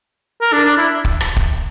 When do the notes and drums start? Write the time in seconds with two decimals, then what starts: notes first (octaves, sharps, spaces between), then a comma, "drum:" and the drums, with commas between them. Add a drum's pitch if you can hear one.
0.42 A#4
0.53 D4
0.65 D4
0.77 E4
1.05 drum: kick
1.21 drum: rim click
1.36 drum: kick